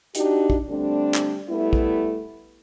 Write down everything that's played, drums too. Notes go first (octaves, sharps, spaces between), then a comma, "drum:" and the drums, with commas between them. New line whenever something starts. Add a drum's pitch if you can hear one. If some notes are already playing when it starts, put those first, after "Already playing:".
D4 D#4 F#4 G4, drum: hi-hat
drum: kick
D3 G3 A3 C4 D4
drum: clap
G3 A3 B3 E4
drum: kick